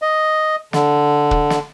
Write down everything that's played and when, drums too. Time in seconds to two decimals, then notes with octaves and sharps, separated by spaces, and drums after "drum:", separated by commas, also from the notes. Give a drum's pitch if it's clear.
0.02 D#5
0.73 D3, drum: snare
1.31 drum: kick
1.50 drum: snare